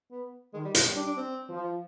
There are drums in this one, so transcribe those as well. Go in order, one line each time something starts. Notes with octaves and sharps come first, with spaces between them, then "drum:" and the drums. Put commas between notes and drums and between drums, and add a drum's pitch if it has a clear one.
B3
D#3 G#3
G3
G#3, drum: hi-hat
G3
D4
D4
C4
F3